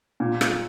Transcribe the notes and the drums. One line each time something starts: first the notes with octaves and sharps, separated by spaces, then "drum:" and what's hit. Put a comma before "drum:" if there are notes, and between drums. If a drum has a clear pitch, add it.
A#2
drum: rim click